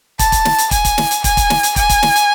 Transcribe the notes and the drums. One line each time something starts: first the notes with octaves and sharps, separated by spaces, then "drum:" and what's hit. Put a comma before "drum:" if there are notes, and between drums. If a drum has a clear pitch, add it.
A5, drum: kick, hi-hat
drum: kick, hi-hat
drum: snare
drum: hi-hat
G#5, drum: kick, hi-hat
drum: kick, hi-hat
drum: snare
drum: hi-hat
G#5, drum: kick, hi-hat
drum: kick, hi-hat
drum: snare
drum: hi-hat
G#5, drum: kick, hi-hat
drum: kick, hi-hat
drum: snare
drum: hi-hat